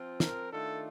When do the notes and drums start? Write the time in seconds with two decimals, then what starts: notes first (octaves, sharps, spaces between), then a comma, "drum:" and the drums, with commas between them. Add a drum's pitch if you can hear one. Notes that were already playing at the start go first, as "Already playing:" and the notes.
Already playing: F3 C4 F4
0.20 A#4, drum: snare
0.52 D#3 A3 D4 F4 A4